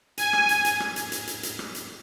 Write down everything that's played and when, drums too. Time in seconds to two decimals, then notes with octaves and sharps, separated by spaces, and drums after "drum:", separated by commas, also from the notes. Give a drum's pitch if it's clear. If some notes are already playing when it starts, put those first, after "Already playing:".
0.18 G#5, drum: hi-hat
0.33 drum: rim click
0.49 drum: hi-hat
0.65 drum: hi-hat
0.80 drum: rim click
0.96 drum: hi-hat
1.12 drum: hi-hat
1.27 drum: hi-hat
1.43 drum: hi-hat
1.59 drum: rim click
1.75 drum: hi-hat